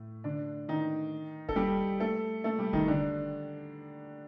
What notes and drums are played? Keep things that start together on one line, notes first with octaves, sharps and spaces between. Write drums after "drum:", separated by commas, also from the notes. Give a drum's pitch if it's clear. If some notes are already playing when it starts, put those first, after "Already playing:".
Already playing: A2 A3
D3 D4
D#3 D#4
A4, drum: kick E1
G3 G4
A3 A4
A3 A4
G3 G4
D#3 D#4, drum: kick E1
D3 D4